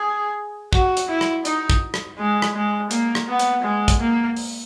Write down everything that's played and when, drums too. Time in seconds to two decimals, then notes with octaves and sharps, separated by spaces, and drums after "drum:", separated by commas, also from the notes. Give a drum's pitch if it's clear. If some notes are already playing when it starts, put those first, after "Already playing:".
Already playing: G#4
0.73 F#4, drum: kick
0.97 drum: hi-hat
1.09 E4
1.21 drum: rim click
1.45 D#4, drum: hi-hat
1.70 drum: kick
1.94 drum: rim click
2.18 G#3
2.42 drum: rim click
2.55 G#3
2.91 A#3, drum: hi-hat
3.15 drum: rim click
3.28 B3
3.39 drum: hi-hat
3.63 G#3
3.88 drum: kick, hi-hat
4.00 A#3
4.37 drum: open hi-hat